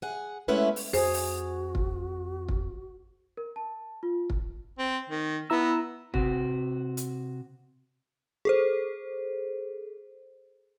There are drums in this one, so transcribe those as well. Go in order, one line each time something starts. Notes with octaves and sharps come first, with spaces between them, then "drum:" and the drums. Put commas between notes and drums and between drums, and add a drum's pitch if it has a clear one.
G#4 F#5
G#3 A3 B3 C#4 E4 B4
drum: open hi-hat
F2 F#4 G#4 C5, drum: open hi-hat
drum: open hi-hat
drum: kick
drum: kick
A#4
A5
F4
drum: kick
C4
D#3
B3 E4 A#5 E6
C3 F#4, drum: kick
drum: hi-hat
G#4 A4 C5